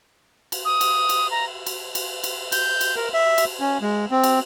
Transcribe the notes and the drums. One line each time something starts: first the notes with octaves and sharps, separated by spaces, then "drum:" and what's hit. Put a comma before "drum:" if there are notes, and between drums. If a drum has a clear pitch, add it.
drum: cymbal
D#6
drum: cymbal
drum: cymbal
A#5
drum: cymbal
drum: cymbal
drum: cymbal
G6, drum: cymbal
drum: cymbal
A#4
E5
drum: cymbal
C#4
G#3
C4
drum: cymbal